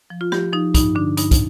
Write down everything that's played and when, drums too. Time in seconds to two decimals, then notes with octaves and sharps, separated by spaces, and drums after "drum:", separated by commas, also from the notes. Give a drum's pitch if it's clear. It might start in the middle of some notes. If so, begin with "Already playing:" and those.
0.10 F3
0.21 F4
0.32 F3 G4, drum: rim click
0.53 F3 D#4
0.74 G2 D#4, drum: kick, hi-hat
0.95 D3 D4
1.17 G2 D#4, drum: hi-hat
1.31 drum: kick, hi-hat